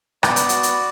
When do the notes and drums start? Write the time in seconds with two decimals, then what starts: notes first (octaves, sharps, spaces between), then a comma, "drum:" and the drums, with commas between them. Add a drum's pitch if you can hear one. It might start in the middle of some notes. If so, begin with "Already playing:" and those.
0.23 B3 D5, drum: rim click
0.36 drum: hi-hat
0.49 F#4, drum: hi-hat
0.63 drum: hi-hat